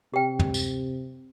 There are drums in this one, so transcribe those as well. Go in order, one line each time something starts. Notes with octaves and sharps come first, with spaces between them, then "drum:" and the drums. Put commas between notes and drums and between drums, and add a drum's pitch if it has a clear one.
C3 G4 G5
drum: tom
drum: tambourine